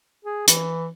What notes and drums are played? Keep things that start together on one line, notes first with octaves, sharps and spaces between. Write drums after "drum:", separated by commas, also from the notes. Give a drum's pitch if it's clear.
G#4
E3, drum: hi-hat